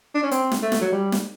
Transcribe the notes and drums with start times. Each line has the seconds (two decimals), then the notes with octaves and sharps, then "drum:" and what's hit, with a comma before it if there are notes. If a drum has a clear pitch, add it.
0.15 D4
0.23 C#4
0.31 C4, drum: hi-hat
0.52 drum: snare
0.62 A3
0.72 drum: snare
0.81 F#3
0.92 G3
1.12 drum: snare